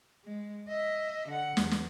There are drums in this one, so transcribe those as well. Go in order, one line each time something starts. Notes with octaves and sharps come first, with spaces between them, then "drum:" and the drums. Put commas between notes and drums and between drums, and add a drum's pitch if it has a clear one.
G#3
D#5 E5
D3 F#5
E2, drum: snare
drum: snare